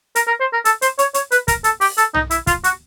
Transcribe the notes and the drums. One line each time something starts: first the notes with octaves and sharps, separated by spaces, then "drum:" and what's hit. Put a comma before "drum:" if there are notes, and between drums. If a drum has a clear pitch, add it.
A#4, drum: hi-hat
A#4
C5
A#4
A4, drum: hi-hat
C5, drum: hi-hat
C#5, drum: hi-hat
C#5, drum: hi-hat
B4, drum: hi-hat
A#4, drum: kick, hi-hat
A4, drum: hi-hat
G4, drum: open hi-hat
A4, drum: hi-hat
D#4, drum: tom B1
E4, drum: hi-hat
F4, drum: kick, hi-hat
F#4, drum: hi-hat